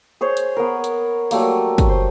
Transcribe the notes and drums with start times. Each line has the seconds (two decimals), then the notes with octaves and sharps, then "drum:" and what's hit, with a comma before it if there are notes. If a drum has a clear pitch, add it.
0.21 G#4 C5 C#5
0.37 drum: hi-hat
0.57 B3 A#4
0.84 drum: hi-hat
1.31 F#3 G3 A3 A#3, drum: open hi-hat
1.78 drum: kick, hi-hat
1.89 C5